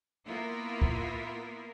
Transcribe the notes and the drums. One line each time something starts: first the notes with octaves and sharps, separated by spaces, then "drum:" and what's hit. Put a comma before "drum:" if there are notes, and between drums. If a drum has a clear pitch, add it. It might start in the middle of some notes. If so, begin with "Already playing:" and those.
A#3 B3 E4 F4 A#4
drum: kick